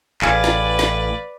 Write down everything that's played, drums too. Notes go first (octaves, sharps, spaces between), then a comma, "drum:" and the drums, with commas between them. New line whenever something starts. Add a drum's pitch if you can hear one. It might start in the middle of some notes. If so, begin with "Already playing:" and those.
A1 G#4 B4 D5 F5 F6 G#6, drum: clap
drum: snare
drum: snare